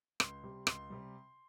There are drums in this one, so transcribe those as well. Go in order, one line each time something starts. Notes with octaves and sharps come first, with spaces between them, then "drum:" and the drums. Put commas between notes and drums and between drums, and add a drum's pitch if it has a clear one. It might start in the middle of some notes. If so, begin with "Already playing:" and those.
C#2 C6, drum: rim click
C3 G3
C#2 C6, drum: rim click
C3 G3